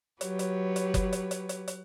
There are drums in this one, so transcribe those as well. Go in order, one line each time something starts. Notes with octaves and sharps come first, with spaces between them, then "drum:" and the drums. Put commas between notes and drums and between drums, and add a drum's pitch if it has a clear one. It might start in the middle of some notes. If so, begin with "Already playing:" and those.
F#3 G4 B4 C#5, drum: hi-hat
drum: hi-hat
drum: hi-hat
drum: kick F#1, hi-hat
drum: hi-hat
drum: hi-hat
drum: hi-hat
drum: hi-hat